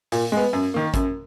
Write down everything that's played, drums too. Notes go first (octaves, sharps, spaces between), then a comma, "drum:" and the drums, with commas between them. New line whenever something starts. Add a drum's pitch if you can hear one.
A#2, drum: open hi-hat
G#3 B3
F#2
D#3 A#3
F#2, drum: kick, hi-hat